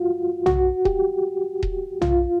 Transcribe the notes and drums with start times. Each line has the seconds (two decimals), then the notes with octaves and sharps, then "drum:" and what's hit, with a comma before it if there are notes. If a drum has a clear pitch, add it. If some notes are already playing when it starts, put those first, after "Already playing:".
Already playing: F4 F#4
0.46 F#4, drum: tom B1
0.85 G4, drum: kick D#1
1.63 drum: kick D#1
2.02 F4, drum: tom B1